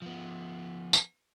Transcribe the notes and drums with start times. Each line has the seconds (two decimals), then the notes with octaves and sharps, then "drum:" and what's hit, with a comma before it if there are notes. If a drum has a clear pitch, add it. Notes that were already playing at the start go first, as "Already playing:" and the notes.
0.02 F3 B3
0.93 drum: tambourine